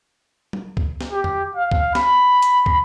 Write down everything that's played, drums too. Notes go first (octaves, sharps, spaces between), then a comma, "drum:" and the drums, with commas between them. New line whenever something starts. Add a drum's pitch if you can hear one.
drum: tom
drum: kick
drum: snare
G4
drum: tom E2
F5
drum: kick
B5, drum: snare
drum: hi-hat
drum: kick